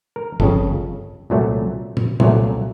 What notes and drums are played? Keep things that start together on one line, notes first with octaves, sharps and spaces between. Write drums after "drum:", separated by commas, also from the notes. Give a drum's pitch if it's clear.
A#4
G1 F2 C#3 A4, drum: kick
C2 A#2 F#3 A3
drum: tom
C2 A#2 F#3 A3 F4, drum: tom